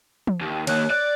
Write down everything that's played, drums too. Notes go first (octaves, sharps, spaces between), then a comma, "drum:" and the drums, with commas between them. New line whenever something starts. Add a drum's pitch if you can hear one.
drum: tom E3
D#2
D#2 A#3 C#5 F#6, drum: cymbal
D5 F#6